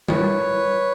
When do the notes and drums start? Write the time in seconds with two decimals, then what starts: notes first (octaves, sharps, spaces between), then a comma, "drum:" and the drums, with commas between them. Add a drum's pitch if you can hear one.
0.08 B4 C#5, drum: tom G3